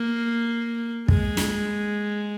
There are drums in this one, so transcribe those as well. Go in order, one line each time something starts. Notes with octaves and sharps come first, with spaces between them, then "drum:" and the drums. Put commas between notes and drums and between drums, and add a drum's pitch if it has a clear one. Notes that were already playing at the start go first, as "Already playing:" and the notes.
Already playing: A#3
G#3, drum: kick
drum: snare